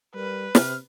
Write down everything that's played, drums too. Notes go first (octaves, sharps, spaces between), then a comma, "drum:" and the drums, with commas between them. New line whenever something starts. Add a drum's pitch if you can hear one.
G3 A#4 B4
C3 F6, drum: snare